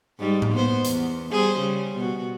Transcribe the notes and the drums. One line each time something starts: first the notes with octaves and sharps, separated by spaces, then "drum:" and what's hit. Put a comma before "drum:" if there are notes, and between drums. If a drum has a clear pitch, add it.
G#2 G3
drum: tom A2
A#3 B3 C5
E2, drum: hi-hat
G3 G#4 C5
C#3 G3
B2 F#4